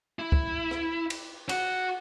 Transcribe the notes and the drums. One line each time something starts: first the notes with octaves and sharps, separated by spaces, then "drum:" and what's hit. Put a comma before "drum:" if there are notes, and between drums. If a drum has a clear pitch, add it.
E4
drum: kick
drum: rim click
drum: cymbal
F#4, drum: cymbal